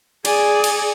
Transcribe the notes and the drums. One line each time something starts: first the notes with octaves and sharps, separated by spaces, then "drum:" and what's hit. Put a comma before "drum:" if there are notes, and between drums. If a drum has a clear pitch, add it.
G#4 D5 G#5, drum: cymbal
drum: cymbal